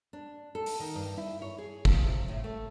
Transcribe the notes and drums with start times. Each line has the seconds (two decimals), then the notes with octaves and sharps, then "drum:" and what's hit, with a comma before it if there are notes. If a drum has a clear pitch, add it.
0.13 D4
0.55 A4
0.66 drum: open hi-hat
0.80 D#3
0.95 G2
1.17 E4
1.42 C#5
1.58 G#4
1.85 F3, drum: kick
2.03 C3
2.28 A2
2.44 A3